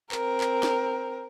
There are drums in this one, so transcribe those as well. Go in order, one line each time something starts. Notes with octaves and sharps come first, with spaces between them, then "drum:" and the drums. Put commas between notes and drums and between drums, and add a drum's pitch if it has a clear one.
C4 A#4, drum: clap
drum: clap
drum: snare